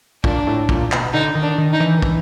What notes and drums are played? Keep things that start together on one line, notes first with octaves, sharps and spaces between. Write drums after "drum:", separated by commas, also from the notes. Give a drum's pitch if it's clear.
A#2 D4, drum: kick
A2
A#2, drum: kick
B2, drum: clap
D3 D#4
D#3
D4
D#3
D#4
E3
D#3
E3, drum: kick